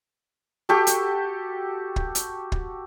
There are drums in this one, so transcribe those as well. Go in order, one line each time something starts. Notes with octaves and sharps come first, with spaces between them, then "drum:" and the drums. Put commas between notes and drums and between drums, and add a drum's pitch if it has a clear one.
F#4 G4 A4
drum: hi-hat
drum: kick
drum: hi-hat
drum: kick